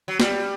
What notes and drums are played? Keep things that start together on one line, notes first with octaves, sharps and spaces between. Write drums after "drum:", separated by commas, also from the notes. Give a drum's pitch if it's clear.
F#3
G3, drum: snare